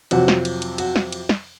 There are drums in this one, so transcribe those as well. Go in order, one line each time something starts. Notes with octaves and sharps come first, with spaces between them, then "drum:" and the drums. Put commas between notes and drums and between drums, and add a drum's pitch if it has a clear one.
F2 C3 F#3 F#4, drum: cymbal
drum: snare
drum: cymbal
drum: cymbal
F#4, drum: cymbal
drum: snare
drum: cymbal
drum: snare